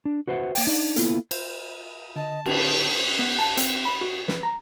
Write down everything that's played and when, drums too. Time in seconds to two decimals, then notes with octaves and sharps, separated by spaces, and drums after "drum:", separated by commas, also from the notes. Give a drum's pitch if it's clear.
0.05 D4
0.27 F#4 B4 C5 E5 F#5
0.55 A#3 G5, drum: open hi-hat
0.67 D4 D#4
0.96 A#3 B3 E4 F4 A4, drum: hi-hat
1.31 C5, drum: cymbal
2.16 D3 D#5 A5
2.46 B4, drum: cymbal
3.19 B3
3.39 A5
3.57 C4, drum: hi-hat
3.85 B5
4.01 F#4
4.28 B4, drum: snare
4.43 A#5